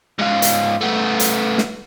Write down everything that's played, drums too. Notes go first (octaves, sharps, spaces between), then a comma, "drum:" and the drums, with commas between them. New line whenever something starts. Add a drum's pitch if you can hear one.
G#2 F4
drum: hi-hat
A3 B3
drum: hi-hat
drum: snare